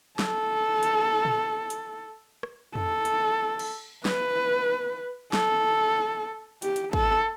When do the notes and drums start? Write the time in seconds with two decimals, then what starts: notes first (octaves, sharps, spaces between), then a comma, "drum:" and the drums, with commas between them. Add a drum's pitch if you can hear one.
0.19 A4, drum: snare
0.83 drum: hi-hat
1.25 drum: tom
1.70 drum: hi-hat
2.43 drum: rim click
2.75 A4, drum: tom
3.05 drum: hi-hat
3.59 drum: cymbal
4.05 B4, drum: snare
5.33 A4, drum: snare
6.62 G4, drum: hi-hat
6.76 drum: hi-hat
6.93 A4, drum: kick